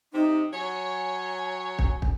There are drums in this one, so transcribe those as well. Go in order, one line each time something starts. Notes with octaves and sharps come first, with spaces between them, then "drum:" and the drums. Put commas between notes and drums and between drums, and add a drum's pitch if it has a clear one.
C3 D#4
F#3 C#5 G#5
drum: kick
drum: kick